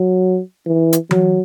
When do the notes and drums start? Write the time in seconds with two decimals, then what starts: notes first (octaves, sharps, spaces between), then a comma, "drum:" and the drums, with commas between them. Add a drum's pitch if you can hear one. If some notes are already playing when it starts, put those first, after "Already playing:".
Already playing: F#3
0.67 E3
0.93 drum: hi-hat
1.11 F#3, drum: tom E3